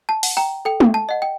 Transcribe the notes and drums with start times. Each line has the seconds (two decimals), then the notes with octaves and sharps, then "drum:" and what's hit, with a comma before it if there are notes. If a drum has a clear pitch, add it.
0.09 A5
0.23 F#5, drum: open hi-hat
0.37 G5 A#5
0.65 A4 G5
0.80 drum: tom G#3
0.94 A5
1.09 D#5 F#5
1.22 G5